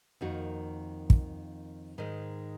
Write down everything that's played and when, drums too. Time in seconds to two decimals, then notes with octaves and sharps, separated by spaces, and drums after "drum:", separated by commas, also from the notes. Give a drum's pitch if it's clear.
0.21 F2 D#3 A#3 D#4 F#4
1.10 drum: kick
1.98 G#2 D#3 G#3